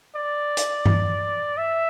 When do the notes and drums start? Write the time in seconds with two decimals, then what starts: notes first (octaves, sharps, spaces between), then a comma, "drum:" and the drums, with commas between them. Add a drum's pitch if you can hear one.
0.16 D5
0.57 drum: hi-hat
0.86 drum: tom G2
1.58 E5